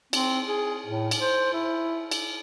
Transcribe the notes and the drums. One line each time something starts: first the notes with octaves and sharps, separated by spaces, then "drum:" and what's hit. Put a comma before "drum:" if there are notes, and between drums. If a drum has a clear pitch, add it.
C4, drum: cymbal
G#4
A2
drum: cymbal
C5
E4
drum: cymbal